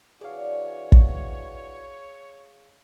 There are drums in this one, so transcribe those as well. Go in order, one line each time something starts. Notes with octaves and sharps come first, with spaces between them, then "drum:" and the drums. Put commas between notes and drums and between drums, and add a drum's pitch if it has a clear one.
E3 D4 F#4 G#4 C#5 D5 F5
drum: kick